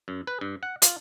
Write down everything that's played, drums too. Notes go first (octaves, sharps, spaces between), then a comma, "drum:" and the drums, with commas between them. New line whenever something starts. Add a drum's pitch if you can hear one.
F#2
B4
G2
F#5
F4, drum: hi-hat